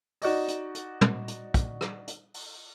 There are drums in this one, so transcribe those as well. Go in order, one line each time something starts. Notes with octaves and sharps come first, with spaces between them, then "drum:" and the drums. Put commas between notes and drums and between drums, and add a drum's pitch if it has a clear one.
D#4 F#4 D5 D#5, drum: open hi-hat
drum: hi-hat
drum: hi-hat
drum: tom
drum: hi-hat
drum: kick, hi-hat
drum: rim click
drum: hi-hat
drum: open hi-hat